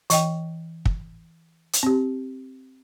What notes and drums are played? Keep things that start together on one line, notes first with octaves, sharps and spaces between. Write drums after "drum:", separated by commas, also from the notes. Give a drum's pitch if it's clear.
E3 D#5 G5, drum: hi-hat
drum: kick
drum: hi-hat
C4 G4